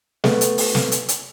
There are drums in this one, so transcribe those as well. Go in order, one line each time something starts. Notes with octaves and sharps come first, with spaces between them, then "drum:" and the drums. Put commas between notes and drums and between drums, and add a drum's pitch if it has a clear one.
A3 B3, drum: snare
drum: hi-hat
drum: open hi-hat
drum: snare
drum: hi-hat
drum: hi-hat